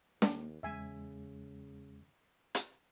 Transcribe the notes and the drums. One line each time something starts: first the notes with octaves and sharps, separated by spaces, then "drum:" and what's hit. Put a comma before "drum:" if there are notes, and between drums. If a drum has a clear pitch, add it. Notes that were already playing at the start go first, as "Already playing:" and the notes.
D#2 A#3, drum: snare
E2 C#3 G#3 E5 G#5
drum: hi-hat